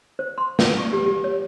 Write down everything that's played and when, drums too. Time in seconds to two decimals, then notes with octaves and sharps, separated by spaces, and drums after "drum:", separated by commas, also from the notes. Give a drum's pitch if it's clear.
0.19 C5
0.38 C6
0.59 C#4, drum: snare
0.78 C#6
0.93 G4
1.06 G4
1.24 C#5